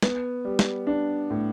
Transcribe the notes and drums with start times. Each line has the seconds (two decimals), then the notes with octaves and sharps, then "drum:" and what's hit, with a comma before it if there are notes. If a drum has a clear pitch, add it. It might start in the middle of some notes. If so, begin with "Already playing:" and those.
0.03 B3, drum: snare
0.45 G3
0.59 drum: snare
0.87 D4
1.30 A2